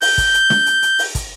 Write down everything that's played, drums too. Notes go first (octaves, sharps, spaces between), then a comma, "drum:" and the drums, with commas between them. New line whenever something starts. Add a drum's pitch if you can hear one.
G6, drum: open hi-hat
drum: kick, hi-hat
drum: hi-hat
drum: snare
drum: hi-hat
drum: hi-hat
drum: open hi-hat
drum: kick, hi-hat